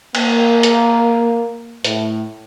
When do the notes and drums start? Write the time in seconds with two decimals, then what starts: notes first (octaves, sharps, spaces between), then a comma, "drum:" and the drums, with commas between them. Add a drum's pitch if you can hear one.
0.15 A#3, drum: cymbal
0.63 drum: hi-hat
1.84 A2, drum: hi-hat